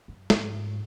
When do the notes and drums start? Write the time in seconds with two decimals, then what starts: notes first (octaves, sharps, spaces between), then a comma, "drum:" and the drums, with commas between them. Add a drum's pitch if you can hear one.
0.08 F#2
0.30 G#2, drum: snare